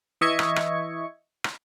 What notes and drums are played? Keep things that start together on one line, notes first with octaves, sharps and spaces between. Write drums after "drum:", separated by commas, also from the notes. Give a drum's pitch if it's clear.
E3 D#5 E5 C#6 G#6 C#7
drum: rim click
drum: rim click
drum: rim click